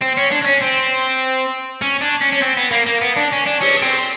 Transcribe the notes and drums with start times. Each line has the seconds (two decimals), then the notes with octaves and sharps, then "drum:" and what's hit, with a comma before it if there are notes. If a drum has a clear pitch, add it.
0.01 C4
0.17 C#4
0.32 D4
0.42 D4
0.46 C#4
0.62 C4
1.82 C#4
2.01 D4
2.21 C#4
2.32 C#4
2.42 C4
2.57 B3
2.71 A#3
2.86 A#3
3.02 B3
3.17 D4
3.32 C#4
3.47 D4
3.61 C#4, drum: open hi-hat
3.82 C4